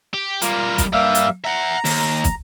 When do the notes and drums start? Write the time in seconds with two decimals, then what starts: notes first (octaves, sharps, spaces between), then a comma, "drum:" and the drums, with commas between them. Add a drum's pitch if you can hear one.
0.14 G4
0.42 G3 A#3 F4 A#5, drum: hi-hat
0.78 drum: kick, hi-hat
0.93 G2 G3 A#3 E5 F5
1.15 drum: hi-hat
1.45 E5 F#5 A#5
1.85 D#2, drum: open hi-hat
2.24 drum: kick, hi-hat